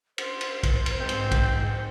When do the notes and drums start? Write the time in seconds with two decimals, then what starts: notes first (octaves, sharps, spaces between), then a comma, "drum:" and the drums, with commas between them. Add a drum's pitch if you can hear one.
0.18 C5, drum: cymbal
0.41 drum: cymbal
0.63 drum: kick, cymbal
0.86 drum: cymbal
0.99 G#2 C4 G6
1.09 drum: cymbal
1.31 drum: kick, cymbal